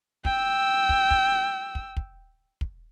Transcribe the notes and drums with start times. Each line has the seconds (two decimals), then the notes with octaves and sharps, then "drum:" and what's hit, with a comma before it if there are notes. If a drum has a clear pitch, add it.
0.25 G5 E6, drum: kick
0.89 drum: kick
1.11 drum: kick
1.75 drum: kick
1.97 drum: kick
2.61 drum: kick